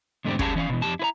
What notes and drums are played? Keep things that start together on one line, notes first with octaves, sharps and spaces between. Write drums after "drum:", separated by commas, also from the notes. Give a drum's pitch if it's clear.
E2 G#2 D3 A3 C4 G4
C#4 G4 G#4 F5 G5 A5, drum: kick
E3 C#4 D#5 F5
B2 E3
F2 E3 G4 A5
E4 B4 A#5